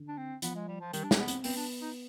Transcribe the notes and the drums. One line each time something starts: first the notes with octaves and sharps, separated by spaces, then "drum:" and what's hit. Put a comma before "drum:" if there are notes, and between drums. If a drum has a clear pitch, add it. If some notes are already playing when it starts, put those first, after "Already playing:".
Already playing: D3
D4
C4
F3 B3, drum: hi-hat
G#3
G3
F3
D#3 G3, drum: hi-hat
D4
G#3 C4, drum: snare
B3
C4, drum: hi-hat
B3 C4, drum: open hi-hat
D4
D#4